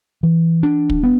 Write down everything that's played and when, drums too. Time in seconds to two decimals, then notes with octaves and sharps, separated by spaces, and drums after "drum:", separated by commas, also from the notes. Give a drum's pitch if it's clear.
0.23 E3
0.63 D4
0.90 drum: kick
1.03 B3